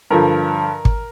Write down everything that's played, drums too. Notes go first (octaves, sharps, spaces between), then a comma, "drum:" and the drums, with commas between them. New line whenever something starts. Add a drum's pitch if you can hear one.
G2 D3 F3 A#4
drum: kick